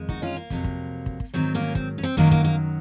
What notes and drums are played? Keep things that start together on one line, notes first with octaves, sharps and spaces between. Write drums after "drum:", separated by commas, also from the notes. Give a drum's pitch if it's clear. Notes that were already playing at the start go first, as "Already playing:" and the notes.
Already playing: F2 D#3 G#3
D#4 F#4, drum: kick
C#4 F4
A#3
F2 C3 F#3, drum: kick
drum: kick
drum: kick
drum: kick
G#2 D#3 F#3 C4
A#3 C#4
C4, drum: kick
C#4
C4
F#2 D#3 F#3 A#3, drum: kick
A#3, drum: kick
A#3